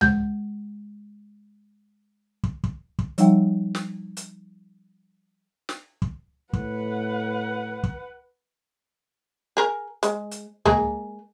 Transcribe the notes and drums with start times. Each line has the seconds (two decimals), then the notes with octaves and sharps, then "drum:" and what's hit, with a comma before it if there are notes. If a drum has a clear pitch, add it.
0.01 G#3 G6, drum: tom C#2
2.43 drum: kick
2.64 drum: kick
2.99 drum: kick
3.18 F3 G3 D#4 E5 F#5 G5, drum: hi-hat
3.75 drum: snare
4.17 drum: hi-hat
5.69 drum: snare
6.02 drum: kick
6.53 A2 B4 F#5, drum: kick
7.83 drum: kick
9.57 G#4 A#4
10.03 G#3, drum: hi-hat
10.32 drum: hi-hat
10.66 G#3 A#3 G#4, drum: tom C#2